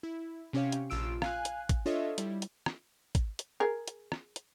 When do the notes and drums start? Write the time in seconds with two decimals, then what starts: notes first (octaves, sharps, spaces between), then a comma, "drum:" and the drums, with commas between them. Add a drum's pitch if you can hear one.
0.03 E4
0.53 C3 C#4 G4 C#5 F5
0.72 drum: hi-hat
0.90 A#1 F4 E6 D7
1.22 F5 G#5 F#6, drum: rim click
1.45 drum: hi-hat
1.69 drum: kick, hi-hat
1.86 D4 F4 A4 C#5 D#5 E5
2.18 G3 E4, drum: hi-hat
2.42 drum: hi-hat
2.66 drum: rim click
3.15 drum: kick, hi-hat
3.39 drum: hi-hat
3.60 G#4 A#4
3.88 drum: hi-hat
4.12 drum: rim click
4.36 drum: hi-hat